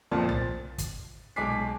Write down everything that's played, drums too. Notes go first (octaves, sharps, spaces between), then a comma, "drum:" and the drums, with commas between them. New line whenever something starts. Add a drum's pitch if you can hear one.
F#1 A#2 F3 C4 A5
A6, drum: tom
drum: kick, hi-hat
B1 G#3 G#5 D6 B6 C7